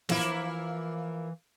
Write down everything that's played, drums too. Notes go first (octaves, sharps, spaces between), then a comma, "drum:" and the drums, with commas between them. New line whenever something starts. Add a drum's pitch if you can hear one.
E3 F3 A#3 E4, drum: snare